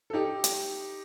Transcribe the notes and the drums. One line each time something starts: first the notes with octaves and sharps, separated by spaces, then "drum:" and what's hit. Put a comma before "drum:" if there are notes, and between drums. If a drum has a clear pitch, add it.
A4
D#4 G4
drum: hi-hat